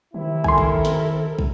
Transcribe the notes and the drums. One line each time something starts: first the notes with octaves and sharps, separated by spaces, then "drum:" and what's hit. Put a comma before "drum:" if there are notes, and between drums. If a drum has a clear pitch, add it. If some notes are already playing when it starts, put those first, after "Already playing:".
C3 D#3 E4
A4 A#4 G#5 C6, drum: kick
drum: kick
drum: snare
drum: kick